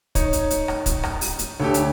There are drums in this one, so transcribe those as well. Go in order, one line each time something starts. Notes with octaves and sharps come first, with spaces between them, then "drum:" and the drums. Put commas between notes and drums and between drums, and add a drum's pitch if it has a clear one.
D#4 C#5, drum: kick, hi-hat
drum: hi-hat
drum: hi-hat
drum: rim click
drum: kick, hi-hat
drum: rim click
drum: open hi-hat
drum: hi-hat
D2 G4 A4 C#5
drum: hi-hat